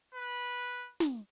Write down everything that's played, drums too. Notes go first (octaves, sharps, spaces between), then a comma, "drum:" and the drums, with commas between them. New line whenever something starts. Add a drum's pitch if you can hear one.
B4
drum: snare